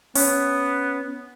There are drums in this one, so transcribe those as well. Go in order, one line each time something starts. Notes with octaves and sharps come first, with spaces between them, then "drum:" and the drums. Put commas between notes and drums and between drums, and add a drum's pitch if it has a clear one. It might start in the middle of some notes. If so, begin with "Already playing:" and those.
B3 C#4, drum: open hi-hat